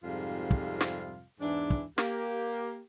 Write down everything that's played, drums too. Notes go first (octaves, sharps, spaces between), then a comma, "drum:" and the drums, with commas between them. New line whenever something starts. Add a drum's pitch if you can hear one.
F2 G#2 C3 G3 F4 F5
drum: kick
drum: snare
E2 G#2 E3 D4
drum: kick
A#3 G4, drum: snare